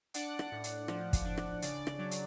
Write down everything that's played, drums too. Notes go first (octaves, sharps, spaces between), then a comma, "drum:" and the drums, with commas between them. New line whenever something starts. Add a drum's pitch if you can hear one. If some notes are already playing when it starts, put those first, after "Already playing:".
D4 D5 F#5, drum: hi-hat
drum: rim click
A2
drum: hi-hat
F3, drum: rim click
drum: kick, hi-hat
D4
drum: rim click
C#3 D5, drum: hi-hat
drum: rim click
F#3
drum: hi-hat